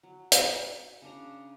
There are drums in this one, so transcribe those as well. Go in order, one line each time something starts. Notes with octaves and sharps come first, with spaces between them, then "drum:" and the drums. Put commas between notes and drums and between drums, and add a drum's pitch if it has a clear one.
F#3
F#4, drum: hi-hat
C#3 D4 A#5